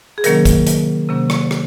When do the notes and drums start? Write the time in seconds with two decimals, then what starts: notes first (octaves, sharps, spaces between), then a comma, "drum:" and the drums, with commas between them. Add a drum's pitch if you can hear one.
0.18 G#4
0.24 C3 D#3 F#3 A#3 C#4 A#4, drum: hi-hat
0.45 drum: kick, hi-hat
0.67 drum: hi-hat
1.09 C3 D#3 F#3 A#3 C#4
1.30 drum: rim click
1.51 drum: rim click